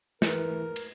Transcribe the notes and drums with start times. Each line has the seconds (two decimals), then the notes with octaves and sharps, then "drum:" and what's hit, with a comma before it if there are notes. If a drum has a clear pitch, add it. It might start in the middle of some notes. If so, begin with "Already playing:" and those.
0.22 E3 A#4 B4 C#7, drum: snare
0.76 drum: cymbal